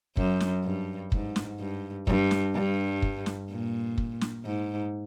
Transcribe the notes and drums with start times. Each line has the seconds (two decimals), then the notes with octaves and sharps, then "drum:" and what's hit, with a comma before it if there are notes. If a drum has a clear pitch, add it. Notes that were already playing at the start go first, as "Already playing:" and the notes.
0.17 F#2, drum: kick
0.40 drum: snare
0.64 G2
1.12 G#2, drum: kick
1.36 drum: snare
1.60 G2
2.07 G2, drum: kick
2.31 drum: snare
2.55 G2
3.02 drum: kick
3.26 drum: snare
3.50 A#2
3.98 drum: kick
4.21 drum: snare
4.45 G#2